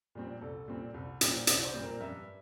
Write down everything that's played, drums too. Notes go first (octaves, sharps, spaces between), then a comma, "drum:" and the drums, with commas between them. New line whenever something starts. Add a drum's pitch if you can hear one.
A#2 G3 C4
C2 A4
A#2 G3 C4
C2
A#2 G3 C4, drum: hi-hat
C2 D5, drum: hi-hat
C5
A#2 G3 C4
A#4
G2 E5